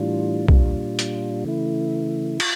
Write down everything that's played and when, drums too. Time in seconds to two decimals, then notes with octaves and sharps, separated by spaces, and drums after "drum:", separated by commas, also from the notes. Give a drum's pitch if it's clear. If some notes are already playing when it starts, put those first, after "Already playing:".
Already playing: A2 E3 G3 D4 F4
0.48 A#2 G3 D4 F4, drum: kick
0.99 drum: hi-hat
1.45 C#3 E3 A3 E4
2.40 F4, drum: cymbal